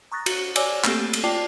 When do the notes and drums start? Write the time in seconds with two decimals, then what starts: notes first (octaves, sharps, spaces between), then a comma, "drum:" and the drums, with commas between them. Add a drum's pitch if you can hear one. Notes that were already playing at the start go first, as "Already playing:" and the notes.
0.12 A#5 C#6 D#6 F#6 A6 A#6
0.26 F#4, drum: cymbal
0.56 C#5 D5 G#5 D6 E6, drum: cymbal
0.84 A3 A#3 C4 G4 A4, drum: clap
1.13 drum: cymbal
1.24 F4 D5 G5 A5 D6 C7